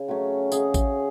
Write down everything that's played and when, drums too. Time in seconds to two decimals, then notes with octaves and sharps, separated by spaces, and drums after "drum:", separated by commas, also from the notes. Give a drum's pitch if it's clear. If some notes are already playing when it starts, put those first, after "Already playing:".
Already playing: C#3
0.08 F#3 A3 C#4
0.52 C#3 G#4, drum: tambourine
0.74 drum: kick A1, tambourine